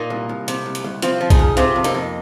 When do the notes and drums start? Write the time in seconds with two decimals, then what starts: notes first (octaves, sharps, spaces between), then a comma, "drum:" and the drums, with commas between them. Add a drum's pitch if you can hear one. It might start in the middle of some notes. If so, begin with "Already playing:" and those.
Already playing: A#2 A#3 D#4
0.10 C2
0.29 C2
0.48 C3, drum: hi-hat
0.66 C2
0.75 drum: hi-hat
0.84 C2
1.02 F3 C4 F4, drum: hi-hat
1.21 F3
1.30 D#4 G#4, drum: kick B1, hi-hat
1.39 G#2
1.57 C3 C4 F4, drum: hi-hat
1.76 F2
1.84 A#3 D#4, drum: hi-hat
1.94 F2